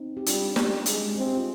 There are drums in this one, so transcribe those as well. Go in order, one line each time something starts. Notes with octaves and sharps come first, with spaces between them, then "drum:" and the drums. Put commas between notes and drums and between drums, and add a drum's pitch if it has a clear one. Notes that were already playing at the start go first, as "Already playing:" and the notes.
Already playing: C4 D#4
G4
G3 D4 F4, drum: hi-hat
G3, drum: snare
G#3, drum: hi-hat
C4 G#4
G4
F4